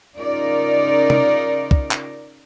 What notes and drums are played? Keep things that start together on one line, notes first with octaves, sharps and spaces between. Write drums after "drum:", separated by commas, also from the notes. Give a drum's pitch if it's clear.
C#3 D#4 F4 A#4 D5
drum: tom C3
drum: kick
drum: clap